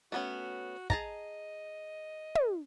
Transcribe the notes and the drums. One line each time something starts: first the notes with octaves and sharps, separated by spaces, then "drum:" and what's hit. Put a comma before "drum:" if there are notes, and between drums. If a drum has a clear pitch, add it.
A3 B3 C#4 F#4
G#4 D#5 A5 A#5, drum: kick
drum: tom